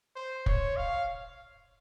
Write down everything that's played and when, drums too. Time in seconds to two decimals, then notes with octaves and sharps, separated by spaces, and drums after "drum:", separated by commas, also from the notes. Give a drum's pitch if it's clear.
0.16 C5
0.46 C#5, drum: kick
0.76 F5